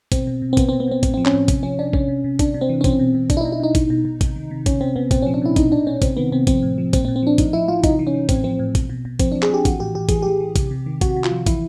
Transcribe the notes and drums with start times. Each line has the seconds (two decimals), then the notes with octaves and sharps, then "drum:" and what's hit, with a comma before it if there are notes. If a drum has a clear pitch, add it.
0.12 B2 C4, drum: kick, hi-hat
0.27 B2
0.42 B2
0.53 C4
0.57 B2 B3, drum: kick, hi-hat
0.69 B2 C4
0.80 B3
0.88 B2 C4
1.03 A2 C4, drum: kick, hi-hat
1.14 F3 C4
1.25 C#4, drum: clap
1.33 A2
1.48 C3 C#4, drum: kick, hi-hat
1.63 F3 C#4
1.79 C3 D4
1.93 C3 C#4, drum: kick
2.08 C3
2.24 C3
2.39 C3 D4, drum: kick, hi-hat
2.54 C3
2.61 C4
2.69 E3
2.81 C#4
2.84 B2 C4, drum: kick, hi-hat
2.99 B2
3.14 B2
3.30 B2 D4, drum: kick, hi-hat
3.37 E4
3.41 B2 D#4
3.52 E4
3.60 B2 D#4
3.75 B2, drum: kick, hi-hat
3.90 B2
4.05 B2
4.21 C3, drum: kick, hi-hat
4.36 D#3
4.51 C3
4.66 C3 C#4, drum: kick, hi-hat
4.80 C3 C4
4.96 C3 B3
5.11 A#2 C4, drum: kick, hi-hat
5.22 F3 C#4
5.34 D4
5.42 A#2 E4
5.56 B2 D#4, drum: kick, hi-hat
5.72 B2 D4
5.86 B2 C#4
6.02 C3 C4, drum: kick, hi-hat
6.17 D#3 B3
6.32 C3 C4
6.47 F3 C4, drum: kick, hi-hat
6.63 A2
6.78 F3
6.93 A#2 C4, drum: kick, hi-hat
7.05 C4
7.08 A#2
7.16 C4
7.23 F3 D4
7.38 A2 D#4, drum: kick, hi-hat
7.53 F3 E4
7.68 F3 F4
7.84 C3 D#4, drum: kick, hi-hat
7.99 E3
8.07 C#4
8.14 E3
8.29 A2 C4, drum: kick, hi-hat
8.44 F3 C4
8.59 A2
8.75 B2, drum: kick, hi-hat
8.90 B2
9.05 B2
9.19 F3 C4, drum: kick, hi-hat
9.32 F3 D4
9.42 G#4, drum: clap
9.50 F3 G4
9.65 E3 F#4, drum: kick, hi-hat
9.80 A2 G4
9.95 A2 G4
10.09 E3 G#4, drum: kick, hi-hat
10.22 E3 G4
10.40 E3
10.56 C3, drum: kick, hi-hat
10.71 C3
10.86 D#3
11.01 C3 F#4, drum: kick, hi-hat
11.16 C3
11.24 F4, drum: clap
11.31 F3
11.46 E3 E4, drum: kick, hi-hat